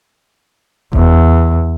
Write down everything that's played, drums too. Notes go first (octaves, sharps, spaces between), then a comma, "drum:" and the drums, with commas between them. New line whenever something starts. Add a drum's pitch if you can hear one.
E2, drum: kick F1